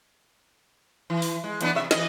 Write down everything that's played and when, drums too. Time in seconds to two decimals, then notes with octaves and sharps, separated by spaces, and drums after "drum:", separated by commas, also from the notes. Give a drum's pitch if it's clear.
1.10 E3
1.22 drum: open hi-hat
1.44 G#3
1.61 E3 B3 D4, drum: hi-hat
1.75 C3 E5
1.91 E3 D#5, drum: snare